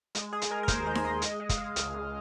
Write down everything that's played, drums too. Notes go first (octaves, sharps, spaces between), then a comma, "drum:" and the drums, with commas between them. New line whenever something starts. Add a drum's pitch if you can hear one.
G#3, drum: hi-hat
G#3 G#4
drum: hi-hat
G#3 A#4
A#4
D#2 C5, drum: kick, hi-hat
G#3 C5
drum: snare D#4
D#2 D#5
G#3 D#5, drum: hi-hat
G#3
F5, drum: kick, hi-hat
G#3
C#2, drum: hi-hat
C#2